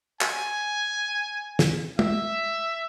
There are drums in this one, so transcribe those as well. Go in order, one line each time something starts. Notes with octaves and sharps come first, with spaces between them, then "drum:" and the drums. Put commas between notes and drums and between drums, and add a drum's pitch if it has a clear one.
G#5, drum: clap
drum: snare
E5, drum: tom